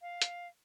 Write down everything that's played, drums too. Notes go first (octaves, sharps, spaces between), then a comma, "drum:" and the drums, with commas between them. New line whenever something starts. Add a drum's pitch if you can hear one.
F5
drum: hi-hat